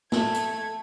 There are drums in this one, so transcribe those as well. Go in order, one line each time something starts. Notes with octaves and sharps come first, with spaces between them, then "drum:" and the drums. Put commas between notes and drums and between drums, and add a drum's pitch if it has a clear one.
A3 G#6, drum: snare
drum: hi-hat